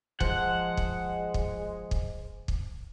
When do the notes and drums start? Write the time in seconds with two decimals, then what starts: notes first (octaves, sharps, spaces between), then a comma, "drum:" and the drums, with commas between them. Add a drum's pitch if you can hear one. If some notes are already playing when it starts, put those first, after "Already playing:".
0.20 F3 G#3 C5 F#5, drum: kick
0.77 drum: kick
1.34 drum: kick
1.91 drum: kick
2.48 drum: kick